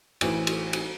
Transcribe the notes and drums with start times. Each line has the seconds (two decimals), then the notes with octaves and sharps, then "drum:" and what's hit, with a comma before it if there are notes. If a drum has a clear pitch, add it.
0.21 A1 E3 C5, drum: cymbal
0.47 drum: cymbal
0.73 drum: cymbal